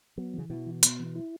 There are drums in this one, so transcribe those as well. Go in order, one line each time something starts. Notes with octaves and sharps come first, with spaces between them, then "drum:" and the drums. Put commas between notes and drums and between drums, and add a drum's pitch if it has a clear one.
F#3 B3
C#3 E3
B2 E4
E3
B3, drum: hi-hat
E3
E4